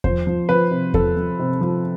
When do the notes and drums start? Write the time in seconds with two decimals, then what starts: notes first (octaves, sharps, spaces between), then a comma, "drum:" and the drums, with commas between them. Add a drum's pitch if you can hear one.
0.04 F3 C5, drum: kick E2
0.27 F3
0.49 F3 B4
0.71 C3
0.94 F3 A4, drum: kick E2
1.17 F3
1.39 C3
1.61 F3